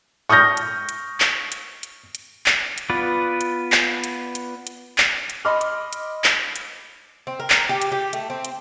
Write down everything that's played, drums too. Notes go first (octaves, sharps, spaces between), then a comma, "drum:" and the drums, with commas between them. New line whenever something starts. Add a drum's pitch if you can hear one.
C#6 D#6 F6 G6 A#6
drum: hi-hat
drum: hi-hat
drum: clap
drum: hi-hat
drum: hi-hat
drum: hi-hat
drum: clap
drum: hi-hat
B3 F4 B4 D5
drum: hi-hat
drum: clap
drum: hi-hat
drum: hi-hat
drum: hi-hat
drum: clap
drum: hi-hat
D#5 B5 C6 D6 F6
drum: hi-hat
drum: hi-hat
drum: clap
drum: hi-hat
C4
A#4
drum: clap
G4
drum: hi-hat
G4
A3, drum: hi-hat
C4
drum: hi-hat